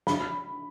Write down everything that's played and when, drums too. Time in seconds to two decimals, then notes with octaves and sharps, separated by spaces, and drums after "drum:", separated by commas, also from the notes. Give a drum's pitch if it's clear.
0.07 B5, drum: snare